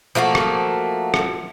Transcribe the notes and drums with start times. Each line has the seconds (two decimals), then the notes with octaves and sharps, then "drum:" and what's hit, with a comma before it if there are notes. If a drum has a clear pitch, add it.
0.15 F3 A3 A#3 F#4
0.35 drum: rim click
1.14 drum: rim click